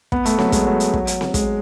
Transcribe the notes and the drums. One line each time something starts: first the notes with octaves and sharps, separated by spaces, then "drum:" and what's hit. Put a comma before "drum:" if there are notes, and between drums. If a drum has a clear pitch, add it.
B3, drum: kick
A3, drum: hi-hat
F#3, drum: snare C4
G#3, drum: kick, hi-hat
F#3
drum: hi-hat
drum: kick
drum: hi-hat
drum: snare C4
G#3, drum: kick, hi-hat